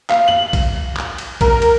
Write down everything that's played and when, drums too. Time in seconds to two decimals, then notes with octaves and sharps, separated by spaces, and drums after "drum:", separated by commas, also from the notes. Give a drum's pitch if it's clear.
0.10 F5, drum: clap
0.28 F#7
0.53 drum: kick A#1, cymbal
0.97 drum: clap
1.18 drum: cymbal
1.41 A#4, drum: kick A#1, cymbal
1.62 drum: cymbal